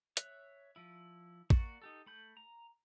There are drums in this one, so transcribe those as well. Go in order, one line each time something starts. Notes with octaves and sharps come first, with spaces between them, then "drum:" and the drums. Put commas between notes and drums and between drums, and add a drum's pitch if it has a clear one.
C#5 E5 F#6, drum: hi-hat
F3 E4
A#3 F#4 D5 C#6, drum: kick
D#4 G4 A4
A3 B5 G6
A#5